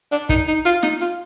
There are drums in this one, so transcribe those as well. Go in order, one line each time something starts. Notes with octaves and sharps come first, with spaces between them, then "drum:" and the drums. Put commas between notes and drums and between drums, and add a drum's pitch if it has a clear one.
D4, drum: hi-hat
D#4, drum: kick, hi-hat
D#4
F4, drum: hi-hat
D#4, drum: snare
F4, drum: hi-hat